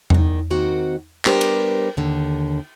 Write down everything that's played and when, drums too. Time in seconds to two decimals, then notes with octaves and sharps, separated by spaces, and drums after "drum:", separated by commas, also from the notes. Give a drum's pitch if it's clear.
0.10 E2 D#3, drum: tom E2
0.50 D#3 A#3 C4 F#4 F#5
1.25 G3 B3 D4 G4 A#4 C5, drum: clap
1.41 drum: cymbal
1.97 D#2 D3